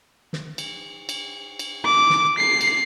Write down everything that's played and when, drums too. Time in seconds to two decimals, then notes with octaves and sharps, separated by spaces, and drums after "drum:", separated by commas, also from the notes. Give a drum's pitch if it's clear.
0.33 drum: snare
0.58 drum: cymbal
1.09 drum: cymbal
1.59 drum: cymbal
1.85 D6
2.10 drum: snare
2.38 C7
2.61 drum: cymbal